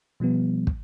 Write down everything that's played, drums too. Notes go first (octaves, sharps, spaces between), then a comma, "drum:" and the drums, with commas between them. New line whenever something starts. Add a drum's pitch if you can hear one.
B2 F3 G3 B3
drum: kick